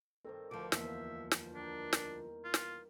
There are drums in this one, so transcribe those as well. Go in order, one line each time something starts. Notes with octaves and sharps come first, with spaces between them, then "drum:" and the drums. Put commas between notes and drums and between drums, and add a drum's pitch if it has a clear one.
G2 D#3 C4 A4 C5
D2 F3 D6
E2 A#3 E5, drum: snare
drum: snare
D#3 D4 A#4 G5
drum: snare
F4
drum: snare